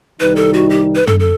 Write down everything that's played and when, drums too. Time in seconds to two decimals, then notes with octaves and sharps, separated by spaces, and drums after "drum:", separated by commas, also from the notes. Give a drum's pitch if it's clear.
0.19 C2 C3 D#3 G3 D#4 B4
0.36 A4
0.54 F#4
0.70 G4
0.95 B4
1.07 A4, drum: tom
1.20 A4